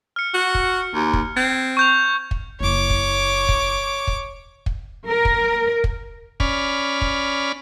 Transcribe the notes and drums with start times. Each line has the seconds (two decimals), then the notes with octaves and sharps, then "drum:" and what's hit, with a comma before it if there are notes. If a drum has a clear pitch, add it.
0.16 F6 C#7
0.34 F#4
0.55 drum: kick
0.94 D#2
1.13 drum: kick
1.37 C4 G#6
1.77 C#6 G6 F7
2.31 drum: kick
2.60 F#1 E4 C#5 D6
2.90 drum: kick
3.49 drum: kick
4.07 drum: kick
4.66 drum: kick
5.06 A#4
5.25 drum: kick
5.84 drum: kick
6.40 C#4 D5 B5 F6, drum: kick
7.01 drum: kick